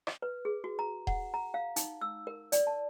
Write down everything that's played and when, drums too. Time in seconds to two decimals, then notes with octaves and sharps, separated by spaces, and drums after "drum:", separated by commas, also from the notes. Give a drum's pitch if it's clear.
0.07 drum: rim click
0.22 B4
0.45 G#4
0.64 F#4
0.79 A#5
1.07 F#5, drum: kick D#1
1.34 A#5
1.54 F5
1.76 D#4, drum: hi-hat
2.01 E6
2.27 A#4
2.52 D5, drum: hi-hat
2.67 A5